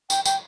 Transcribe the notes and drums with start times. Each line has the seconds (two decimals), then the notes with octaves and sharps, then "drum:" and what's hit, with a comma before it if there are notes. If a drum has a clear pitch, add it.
0.10 G5, drum: tambourine
0.25 G5, drum: tambourine